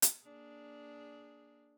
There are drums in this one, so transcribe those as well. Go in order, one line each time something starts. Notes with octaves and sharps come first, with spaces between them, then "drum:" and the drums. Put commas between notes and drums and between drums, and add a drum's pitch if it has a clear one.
drum: hi-hat
A#3 D4 G#4